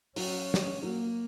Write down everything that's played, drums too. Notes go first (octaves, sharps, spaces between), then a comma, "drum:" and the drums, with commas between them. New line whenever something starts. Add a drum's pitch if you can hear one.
F#3 C#4, drum: open hi-hat
drum: snare
F#3 A#3